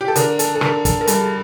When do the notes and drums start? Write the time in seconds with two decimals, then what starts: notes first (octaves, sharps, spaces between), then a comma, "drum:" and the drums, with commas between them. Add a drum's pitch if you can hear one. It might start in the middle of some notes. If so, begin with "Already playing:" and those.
0.01 G4
0.08 A4
0.16 D3 A#4, drum: hi-hat
0.39 A4, drum: hi-hat
0.55 A4
0.61 D3 A#4, drum: rim click
0.85 A4, drum: kick, hi-hat
1.01 A#4
1.07 G2 A4, drum: hi-hat